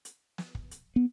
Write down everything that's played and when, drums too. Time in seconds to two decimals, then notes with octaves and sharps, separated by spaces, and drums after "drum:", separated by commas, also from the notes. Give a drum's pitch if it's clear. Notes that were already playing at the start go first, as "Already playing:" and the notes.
0.05 drum: hi-hat
0.38 drum: snare
0.55 drum: kick
0.71 drum: hi-hat
0.96 B3